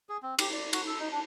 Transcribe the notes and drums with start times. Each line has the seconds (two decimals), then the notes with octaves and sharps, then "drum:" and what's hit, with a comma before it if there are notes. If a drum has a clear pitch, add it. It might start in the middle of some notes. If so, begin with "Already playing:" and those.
0.09 G#4
0.23 C4
0.39 G4, drum: cymbal
0.53 D5
0.73 F#4, drum: cymbal
0.87 A4
0.99 D#4
1.12 D4